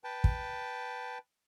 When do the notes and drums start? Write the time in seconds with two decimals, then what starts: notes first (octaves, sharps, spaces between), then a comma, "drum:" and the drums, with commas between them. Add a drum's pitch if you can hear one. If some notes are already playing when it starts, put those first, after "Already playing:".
0.04 B4 G5 A5
0.24 drum: kick